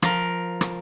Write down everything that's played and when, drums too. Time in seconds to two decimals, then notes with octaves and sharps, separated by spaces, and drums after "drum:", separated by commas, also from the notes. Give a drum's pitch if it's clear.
0.02 F3 A#4, drum: rim click
0.61 drum: rim click